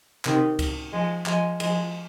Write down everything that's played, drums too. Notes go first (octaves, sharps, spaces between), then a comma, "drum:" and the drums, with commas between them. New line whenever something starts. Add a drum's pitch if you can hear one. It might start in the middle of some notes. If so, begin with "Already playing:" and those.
C3 D#3, drum: clap
drum: kick C#2, cymbal
F3 G#3
F3 G#3, drum: clap
F3 G#3, drum: cymbal